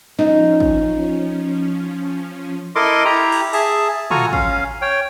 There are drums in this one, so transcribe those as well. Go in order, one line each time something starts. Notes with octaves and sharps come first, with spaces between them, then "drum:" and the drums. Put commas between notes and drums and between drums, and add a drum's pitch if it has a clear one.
F3 C#4 D#4, drum: snare
drum: kick
E4 A4 A#4 D#5 C6 D6
E4 G4 A#5
drum: cymbal
G#4 E5 A5, drum: cymbal
F4 F#4 A4 G#5 A#5 C#6, drum: tom
C#4 F5, drum: kick
C#5 G5